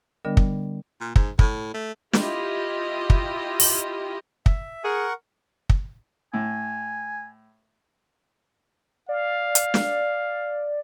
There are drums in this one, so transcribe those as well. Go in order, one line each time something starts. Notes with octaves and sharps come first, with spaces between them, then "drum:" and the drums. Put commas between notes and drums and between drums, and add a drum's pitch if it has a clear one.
D3 G3 B3 D4 A#4 D#5
drum: kick
A#2
G#2, drum: kick
A2, drum: kick
A3
E4 F4 G4 D#5, drum: snare
drum: kick
drum: open hi-hat
E5, drum: kick
G#4 A#4 F#5 C#6
drum: kick
A2 G#5
D5 F5
drum: hi-hat
drum: snare